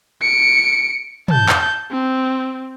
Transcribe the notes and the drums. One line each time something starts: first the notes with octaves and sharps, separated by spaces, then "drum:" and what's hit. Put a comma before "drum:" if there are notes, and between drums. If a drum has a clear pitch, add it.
C#7 D7
A5 G6, drum: tom
drum: clap
C4